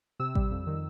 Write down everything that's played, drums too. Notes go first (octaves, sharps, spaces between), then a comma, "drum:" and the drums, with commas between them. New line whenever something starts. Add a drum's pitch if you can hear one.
C3 E6
G3, drum: kick A1
F2
D#3